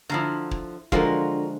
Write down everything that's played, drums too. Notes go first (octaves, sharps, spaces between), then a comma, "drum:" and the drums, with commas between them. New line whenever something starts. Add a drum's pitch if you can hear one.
D3 F3 E4 F5 A#5
drum: kick
D3 F3 G#3 F4 F#4 A#4, drum: kick